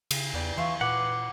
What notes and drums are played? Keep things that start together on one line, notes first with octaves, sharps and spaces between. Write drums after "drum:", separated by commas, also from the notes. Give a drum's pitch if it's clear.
C#3, drum: cymbal
E2 B4 D5 G5
E3 F4 E5 C6 C#6
A#2 B4 F#5 C6 D6